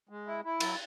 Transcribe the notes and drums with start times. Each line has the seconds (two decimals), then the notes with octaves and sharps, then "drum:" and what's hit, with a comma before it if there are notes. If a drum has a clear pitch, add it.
0.09 G#3
0.27 E4
0.44 E4
0.60 F#3, drum: cymbal